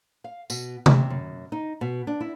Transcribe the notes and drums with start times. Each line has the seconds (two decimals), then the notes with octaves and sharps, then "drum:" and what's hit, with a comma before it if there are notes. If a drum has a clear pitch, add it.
0.24 F5
0.50 B2, drum: tambourine
0.86 C3, drum: tom C3
1.10 F#2
1.52 D#4
1.81 B2
2.07 D4
2.21 E4